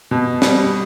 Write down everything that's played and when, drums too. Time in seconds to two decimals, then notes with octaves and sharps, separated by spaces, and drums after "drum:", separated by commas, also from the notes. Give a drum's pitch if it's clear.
0.11 B2
0.42 G3, drum: snare